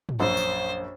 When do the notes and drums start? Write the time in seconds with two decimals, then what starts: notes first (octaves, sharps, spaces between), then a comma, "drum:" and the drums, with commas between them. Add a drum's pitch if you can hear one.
0.09 drum: tom
0.20 A#1 F#2 C5
0.37 drum: tambourine